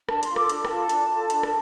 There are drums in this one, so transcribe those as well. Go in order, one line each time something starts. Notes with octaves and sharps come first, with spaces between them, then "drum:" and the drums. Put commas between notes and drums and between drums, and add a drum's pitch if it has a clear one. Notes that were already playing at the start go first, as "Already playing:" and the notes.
D4 A5, drum: rim click
C6, drum: hi-hat
F4 A4
D6, drum: rim click
D4, drum: hi-hat
G5, drum: rim click
F4 A4 A5
D4, drum: hi-hat
F4 A4
D4, drum: hi-hat
drum: rim click